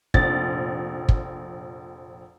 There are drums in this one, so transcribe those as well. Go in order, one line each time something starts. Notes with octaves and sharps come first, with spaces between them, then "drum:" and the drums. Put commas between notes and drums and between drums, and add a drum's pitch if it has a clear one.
F1 A#1 A6, drum: kick
drum: kick